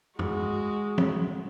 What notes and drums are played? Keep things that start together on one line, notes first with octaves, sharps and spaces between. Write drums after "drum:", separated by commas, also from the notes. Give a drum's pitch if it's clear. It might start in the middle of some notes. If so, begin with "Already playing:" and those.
G#3 F#4, drum: tom F#2
drum: tom